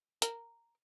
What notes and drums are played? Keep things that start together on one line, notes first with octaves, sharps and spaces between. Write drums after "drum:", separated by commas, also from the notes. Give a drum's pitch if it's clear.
A#4, drum: hi-hat